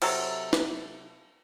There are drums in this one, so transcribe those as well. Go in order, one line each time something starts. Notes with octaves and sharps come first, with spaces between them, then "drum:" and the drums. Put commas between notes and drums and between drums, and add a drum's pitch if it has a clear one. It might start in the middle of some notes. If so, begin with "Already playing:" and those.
C3 F#3 A4, drum: cymbal
drum: snare